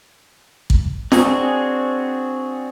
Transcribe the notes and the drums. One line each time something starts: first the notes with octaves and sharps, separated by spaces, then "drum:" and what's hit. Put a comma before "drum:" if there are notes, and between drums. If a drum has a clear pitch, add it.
drum: kick
C4 D4 F#4 G#4, drum: snare